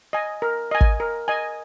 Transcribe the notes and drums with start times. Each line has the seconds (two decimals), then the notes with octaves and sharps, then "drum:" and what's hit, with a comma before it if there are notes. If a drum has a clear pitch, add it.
0.13 D#5 G#5
0.42 A#4
0.71 D#5 G#5
0.81 drum: kick
1.00 A#4
1.28 D#5 G#5